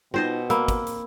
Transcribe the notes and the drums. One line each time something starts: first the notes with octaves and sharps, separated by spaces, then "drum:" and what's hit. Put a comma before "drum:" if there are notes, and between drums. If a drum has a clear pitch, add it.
B2 C4 D#4 F4 C5 D#5
A#3 B5 E6, drum: hi-hat
drum: kick, hi-hat
drum: hi-hat